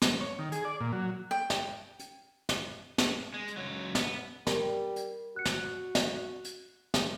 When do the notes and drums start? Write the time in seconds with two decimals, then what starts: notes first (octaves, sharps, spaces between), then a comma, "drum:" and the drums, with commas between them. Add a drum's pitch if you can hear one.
0.02 drum: snare
0.20 C#5
0.39 D#3
0.52 G#4, drum: hi-hat
0.65 D5
0.81 A#2
0.93 F#3
1.31 G5
1.50 drum: snare
1.99 drum: hi-hat
2.49 drum: snare
2.98 drum: snare
3.34 G#3
3.48 drum: hi-hat
3.57 C#2 F#3
3.95 B3, drum: snare
4.47 G3 A#4, drum: snare
4.96 drum: hi-hat
5.36 F#4 F#6 C#7
5.46 drum: snare
5.95 drum: snare
6.44 drum: hi-hat
6.94 drum: snare